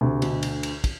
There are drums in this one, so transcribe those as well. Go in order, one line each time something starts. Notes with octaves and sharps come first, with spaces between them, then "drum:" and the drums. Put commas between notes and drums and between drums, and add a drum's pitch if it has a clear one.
D2 C3
B2 D3, drum: cymbal
drum: cymbal
drum: cymbal
drum: kick, cymbal